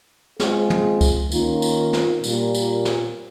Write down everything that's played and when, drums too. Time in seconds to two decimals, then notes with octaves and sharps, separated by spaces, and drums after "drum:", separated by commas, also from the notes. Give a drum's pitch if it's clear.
0.40 G#3 C4 F4 G#4, drum: snare
0.70 drum: tom
1.01 drum: kick C#2, tambourine
1.32 D#3 A#3 C#4 F4, drum: tambourine
1.62 drum: tambourine
1.93 drum: snare
2.24 A#2 G3 A#3 F4, drum: tambourine
2.55 drum: tambourine
2.85 drum: snare